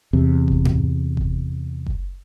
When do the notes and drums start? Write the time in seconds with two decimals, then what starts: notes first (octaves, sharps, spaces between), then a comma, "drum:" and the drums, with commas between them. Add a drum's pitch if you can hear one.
0.13 E2 C3
0.48 drum: kick F#1
0.65 drum: tom G#2
1.17 drum: kick F#1
1.86 drum: kick F#1